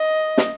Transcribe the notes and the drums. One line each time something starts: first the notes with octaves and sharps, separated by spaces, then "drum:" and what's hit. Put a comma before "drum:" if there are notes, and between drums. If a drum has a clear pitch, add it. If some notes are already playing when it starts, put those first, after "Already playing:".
Already playing: D#5
drum: snare